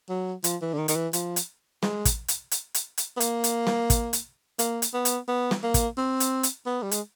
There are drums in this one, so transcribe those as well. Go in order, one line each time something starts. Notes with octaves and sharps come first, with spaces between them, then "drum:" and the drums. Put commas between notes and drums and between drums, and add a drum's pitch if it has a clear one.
F#3
F3, drum: hi-hat
E3
D3
D#3
D#3, drum: hi-hat
E3
F3, drum: hi-hat
drum: hi-hat
G#3, drum: snare
drum: kick, hi-hat
drum: hi-hat
drum: hi-hat
drum: hi-hat
drum: hi-hat
B3
A#3, drum: hi-hat
drum: hi-hat
drum: snare
drum: kick, hi-hat
drum: hi-hat
A#3, drum: hi-hat
drum: hi-hat
B3
drum: hi-hat
B3
drum: snare
A#3
drum: kick, hi-hat
C4
drum: hi-hat
drum: hi-hat
B3
G3
G#3, drum: hi-hat